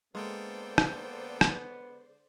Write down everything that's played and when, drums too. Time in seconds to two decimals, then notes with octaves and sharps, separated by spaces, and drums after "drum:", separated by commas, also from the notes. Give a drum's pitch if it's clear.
0.15 D3 G#3 A#3 B3 A4 C5 D5 G5
0.78 drum: rim click
1.41 drum: rim click